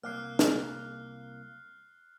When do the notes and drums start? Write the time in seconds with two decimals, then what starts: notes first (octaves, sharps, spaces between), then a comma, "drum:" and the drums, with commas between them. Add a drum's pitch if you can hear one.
0.03 C2 F2 A#3 F6 F#6 C7
0.39 drum: snare